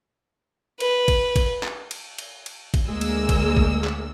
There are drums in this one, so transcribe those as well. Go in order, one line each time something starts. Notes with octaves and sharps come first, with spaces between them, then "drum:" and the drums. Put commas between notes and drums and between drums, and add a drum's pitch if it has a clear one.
B4, drum: cymbal
drum: kick G#1, cymbal
drum: kick G#1, cymbal
drum: clap
drum: cymbal
drum: cymbal
drum: cymbal
drum: kick G#1, cymbal
D2 G#3 A#3 E6
drum: cymbal
drum: kick G#1, cymbal
drum: kick G#1
drum: clap